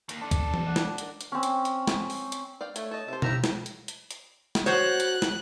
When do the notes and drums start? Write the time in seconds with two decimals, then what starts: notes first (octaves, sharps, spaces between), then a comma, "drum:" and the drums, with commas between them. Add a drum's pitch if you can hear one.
0.09 D#3 A#3, drum: hi-hat
0.21 A#3 D4 A4
0.31 drum: kick, hi-hat
0.54 drum: tom E3
0.66 D4 F#5
0.76 drum: snare
0.98 D4 A#4, drum: hi-hat
1.21 drum: hi-hat
1.32 C4 C#4
1.43 drum: hi-hat
1.65 drum: hi-hat
1.88 drum: snare
2.10 drum: open hi-hat
2.32 drum: hi-hat
2.61 D5 F5 G5
2.76 A3 C#5, drum: hi-hat
2.91 C#5 D#5 A5
3.08 C3 C5 E5
3.22 E4 G4 A#4 F5 A#5 E6, drum: tom B2
3.44 drum: snare
3.66 drum: hi-hat
3.88 drum: hi-hat
4.11 drum: hi-hat
4.55 drum: snare
4.66 F#4 C5 C#5 F#6
5.00 drum: hi-hat
5.22 drum: snare